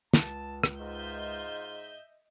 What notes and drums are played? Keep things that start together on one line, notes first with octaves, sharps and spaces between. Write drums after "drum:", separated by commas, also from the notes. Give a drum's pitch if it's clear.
C#2 A5, drum: snare
drum: rim click
G#2 F4 D#5 E5 G6